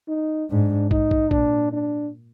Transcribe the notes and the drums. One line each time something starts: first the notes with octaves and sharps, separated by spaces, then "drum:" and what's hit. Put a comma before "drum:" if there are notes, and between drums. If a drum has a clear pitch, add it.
D#4
G#2 D4
D#4, drum: kick
drum: kick
A#2 D4, drum: kick
D4